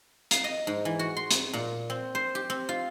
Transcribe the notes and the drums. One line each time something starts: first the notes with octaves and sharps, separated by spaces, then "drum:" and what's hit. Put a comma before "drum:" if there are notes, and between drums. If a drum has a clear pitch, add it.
F5, drum: hi-hat
D#5
G#2
E3
F#4
C6
drum: hi-hat
A#2
C4
C5
G4
C4
F4